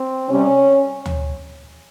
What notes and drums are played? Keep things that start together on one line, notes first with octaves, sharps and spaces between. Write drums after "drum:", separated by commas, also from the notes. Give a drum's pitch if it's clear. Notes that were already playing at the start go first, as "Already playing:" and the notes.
Already playing: C4
C3 G3 C#4
drum: tom D2